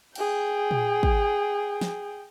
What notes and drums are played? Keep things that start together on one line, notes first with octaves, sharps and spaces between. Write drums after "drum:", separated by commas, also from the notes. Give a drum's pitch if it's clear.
G#4 G5, drum: cymbal
drum: tom A#2
drum: kick
drum: snare